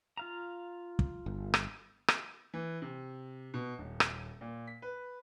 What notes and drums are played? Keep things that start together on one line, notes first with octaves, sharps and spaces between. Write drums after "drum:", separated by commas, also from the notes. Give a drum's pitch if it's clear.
F4 F5 A#5
drum: kick
G1
drum: rim click
drum: rim click
E3
C3
B2
D#1
drum: rim click
A#2
B6
B4